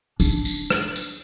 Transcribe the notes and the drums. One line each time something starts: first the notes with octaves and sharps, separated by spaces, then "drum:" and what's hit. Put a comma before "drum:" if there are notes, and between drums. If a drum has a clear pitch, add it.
D4, drum: tambourine
drum: tambourine
drum: rim click
drum: tambourine